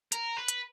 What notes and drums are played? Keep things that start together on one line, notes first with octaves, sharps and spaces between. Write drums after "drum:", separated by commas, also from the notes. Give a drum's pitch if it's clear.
A#4, drum: hi-hat
B4
drum: hi-hat